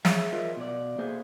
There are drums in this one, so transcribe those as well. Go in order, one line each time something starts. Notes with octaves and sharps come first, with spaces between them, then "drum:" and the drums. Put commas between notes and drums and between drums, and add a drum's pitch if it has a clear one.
G#4 C#5 E5 F5, drum: snare
F4 A#4 C5 D#5 E5
B2 D5
A3 A#3 G#4 C5